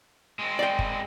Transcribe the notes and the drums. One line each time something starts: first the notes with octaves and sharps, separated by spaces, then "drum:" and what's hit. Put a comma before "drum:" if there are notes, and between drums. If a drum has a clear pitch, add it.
G#3 C4
D5 F5 G5
drum: kick